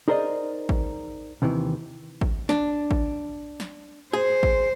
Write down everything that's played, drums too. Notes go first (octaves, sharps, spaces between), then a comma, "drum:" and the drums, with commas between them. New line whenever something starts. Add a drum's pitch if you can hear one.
D#4 G#4 A#4 C5 D5 D#5
drum: kick A1
D#2 C3 D#3 E3
drum: kick A1
D4, drum: snare
drum: kick A1
drum: snare
G#4 C5
drum: kick A1